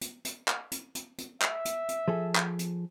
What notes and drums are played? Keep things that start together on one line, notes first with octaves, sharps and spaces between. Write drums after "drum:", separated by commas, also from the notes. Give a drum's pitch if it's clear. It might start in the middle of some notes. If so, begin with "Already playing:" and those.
drum: hi-hat
drum: hi-hat
drum: clap
drum: hi-hat
drum: hi-hat
drum: hi-hat
E5, drum: clap
drum: hi-hat
drum: hi-hat
F3 G#4 A4
drum: clap
drum: hi-hat